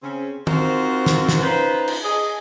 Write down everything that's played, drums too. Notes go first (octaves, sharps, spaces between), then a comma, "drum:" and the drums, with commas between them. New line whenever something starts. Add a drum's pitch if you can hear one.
C#3 C4 C#4
C4 D#4 F4 F#4 A#4 C5, drum: tom
drum: snare
drum: snare
C#4 D#4 F4 B4 C5
drum: cymbal
G#4 D#5